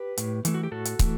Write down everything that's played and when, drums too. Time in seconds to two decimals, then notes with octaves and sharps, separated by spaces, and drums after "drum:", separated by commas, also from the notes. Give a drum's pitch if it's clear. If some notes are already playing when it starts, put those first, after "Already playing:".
Already playing: G4 B4
0.17 A2, drum: hi-hat
0.45 E3 A3, drum: hi-hat
0.54 F#4
0.63 G4
0.71 A2 F#4 A4
0.85 drum: hi-hat
0.99 E3 A3, drum: kick, hi-hat